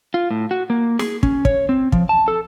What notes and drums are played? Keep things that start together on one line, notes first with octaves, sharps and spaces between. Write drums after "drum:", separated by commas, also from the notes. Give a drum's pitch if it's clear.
F4
A2
F#4
A#3
G#4, drum: snare
C#4, drum: kick
C#5, drum: kick
C4
F3, drum: kick
A5
A4